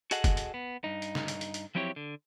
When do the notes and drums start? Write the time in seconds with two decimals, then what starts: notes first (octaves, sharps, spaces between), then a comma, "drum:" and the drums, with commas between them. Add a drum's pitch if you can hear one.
0.11 F#4 G#4 A4 D#5 F#5, drum: hi-hat
0.24 drum: kick, hi-hat
0.37 drum: hi-hat
0.54 B3
0.84 G2 D#4
1.02 drum: hi-hat
1.15 drum: snare
1.28 drum: hi-hat
1.41 drum: hi-hat
1.54 drum: hi-hat
1.75 F3 F#3 C4 E4 G4 C#5
1.96 D3